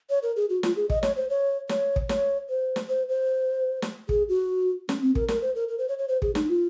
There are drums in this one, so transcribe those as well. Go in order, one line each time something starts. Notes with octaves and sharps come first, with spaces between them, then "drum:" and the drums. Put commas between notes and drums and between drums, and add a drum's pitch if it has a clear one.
C#5
A#4
G#4
F#4
F4, drum: snare
G#4
D#5, drum: kick
C#5, drum: snare
C5
C#5
C#5, drum: snare
drum: kick
C#5, drum: snare
C5
drum: snare
C5
C5
drum: snare
G#4, drum: kick
F#4
C#4, drum: snare
C4
A#4, drum: kick
A#4, drum: snare
C5
A#4
A#4
C5
C#5
C#5
C5
G#4, drum: kick
D#4, drum: snare
F4